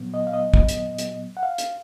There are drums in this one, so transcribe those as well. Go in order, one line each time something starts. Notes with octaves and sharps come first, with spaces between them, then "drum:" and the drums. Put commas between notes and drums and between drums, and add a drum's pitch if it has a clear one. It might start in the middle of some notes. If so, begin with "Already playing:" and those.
Already playing: A#2 F#3 B3
D#5
F5
D#5
drum: kick
drum: hi-hat
drum: hi-hat
F#5
F5
drum: hi-hat